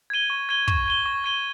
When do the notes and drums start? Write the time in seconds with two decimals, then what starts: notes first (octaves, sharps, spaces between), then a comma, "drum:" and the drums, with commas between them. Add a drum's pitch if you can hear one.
0.10 G#6 D#7 G7
0.30 C#6
0.49 G#6 D#7 G7
0.68 C#6, drum: kick
0.86 G#6 D#7 G7
1.06 C#6
1.24 G#6 D#7 G7